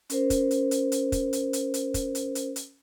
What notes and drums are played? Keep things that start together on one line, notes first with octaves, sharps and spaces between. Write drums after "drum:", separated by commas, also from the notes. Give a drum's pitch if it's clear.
C#4 A#4 C5, drum: hi-hat
drum: kick, hi-hat
drum: hi-hat
drum: hi-hat
drum: hi-hat
drum: kick, hi-hat
drum: hi-hat
drum: hi-hat
drum: hi-hat
drum: kick, hi-hat
drum: hi-hat
drum: hi-hat
drum: hi-hat